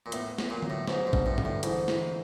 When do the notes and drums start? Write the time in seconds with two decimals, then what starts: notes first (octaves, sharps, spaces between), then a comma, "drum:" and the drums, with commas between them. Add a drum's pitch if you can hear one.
0.06 A#2
0.12 A2 B3, drum: hi-hat
0.38 B3, drum: snare
0.50 A#2
0.62 F#3, drum: tom D3
0.70 A2
0.88 G#2 B3, drum: snare
1.07 G#2
1.13 G2, drum: kick
1.26 A2
1.38 D3, drum: tom G2
1.45 A2
1.63 G#2 E3, drum: hi-hat
1.88 E3, drum: snare